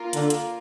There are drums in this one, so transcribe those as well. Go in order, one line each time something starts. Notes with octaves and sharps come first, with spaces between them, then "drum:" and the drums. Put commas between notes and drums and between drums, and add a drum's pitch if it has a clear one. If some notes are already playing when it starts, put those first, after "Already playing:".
Already playing: A#3 F4 A#4
D3, drum: hi-hat
drum: hi-hat